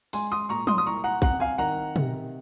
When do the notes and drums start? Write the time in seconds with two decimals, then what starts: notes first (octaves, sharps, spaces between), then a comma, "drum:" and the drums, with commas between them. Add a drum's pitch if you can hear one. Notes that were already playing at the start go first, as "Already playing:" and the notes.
0.13 G#3 G#5 C6, drum: open hi-hat
0.31 C6 D#6
0.49 A#2 A#5 C#6
0.67 C6 D#6, drum: tom
0.78 D#6
0.86 C2 A#5 C#6
1.04 F#5 A#5
1.22 C4 F#5 A#5, drum: kick A#1
1.40 F5 G#5
1.58 D#3 F#5 A#5
1.96 C3, drum: tom